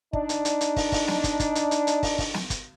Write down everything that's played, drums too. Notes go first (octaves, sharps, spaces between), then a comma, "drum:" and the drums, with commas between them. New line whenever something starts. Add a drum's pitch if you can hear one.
D4 D#4, drum: kick
drum: hi-hat
drum: hi-hat
drum: hi-hat
drum: kick, open hi-hat
drum: kick, open hi-hat
drum: snare
drum: kick, hi-hat
drum: kick, hi-hat
drum: hi-hat
drum: hi-hat
drum: hi-hat
drum: kick, open hi-hat
drum: kick, open hi-hat
drum: snare
drum: kick, hi-hat